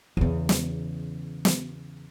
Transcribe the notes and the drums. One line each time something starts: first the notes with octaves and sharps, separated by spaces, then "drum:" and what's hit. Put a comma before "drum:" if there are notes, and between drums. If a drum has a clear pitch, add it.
E2 C#3
drum: snare
drum: snare